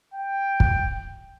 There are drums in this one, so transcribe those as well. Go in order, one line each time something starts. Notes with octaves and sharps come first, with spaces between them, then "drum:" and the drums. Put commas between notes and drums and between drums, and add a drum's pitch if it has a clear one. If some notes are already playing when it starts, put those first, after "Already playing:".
G5
drum: kick